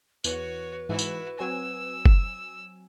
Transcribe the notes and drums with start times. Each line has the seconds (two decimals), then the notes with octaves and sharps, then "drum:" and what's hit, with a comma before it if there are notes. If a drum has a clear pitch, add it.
0.24 E2 F#4 B4 C#5, drum: tambourine
0.89 G#2 E3 E4 F#4
0.99 drum: tambourine
1.39 F#3 C4 G#5 E6
2.06 drum: kick